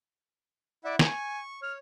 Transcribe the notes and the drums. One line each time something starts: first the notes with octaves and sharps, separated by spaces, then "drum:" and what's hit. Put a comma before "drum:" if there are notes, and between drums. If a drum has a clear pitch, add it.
E4 D5 E5 F#5
G#5 C#6, drum: snare
C#5 F6